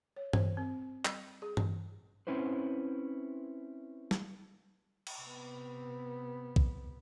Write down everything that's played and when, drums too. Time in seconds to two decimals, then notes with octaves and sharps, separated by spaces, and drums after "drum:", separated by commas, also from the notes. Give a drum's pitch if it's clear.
0.17 C#5
0.33 C5, drum: tom G2
0.57 C4
1.05 G3, drum: clap
1.42 G#4
1.57 drum: tom G2
2.27 C4 C#4 E4 B4 C5
4.11 drum: snare
5.07 drum: cymbal
5.19 C3 B3
6.56 drum: kick B1